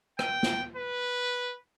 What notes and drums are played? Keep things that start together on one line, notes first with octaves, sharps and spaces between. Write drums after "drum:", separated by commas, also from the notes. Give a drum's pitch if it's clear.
G5, drum: rim click
drum: snare
B4